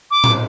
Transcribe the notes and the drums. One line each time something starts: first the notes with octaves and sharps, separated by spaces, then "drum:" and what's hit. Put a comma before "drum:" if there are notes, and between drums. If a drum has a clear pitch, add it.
D6
drum: tom A2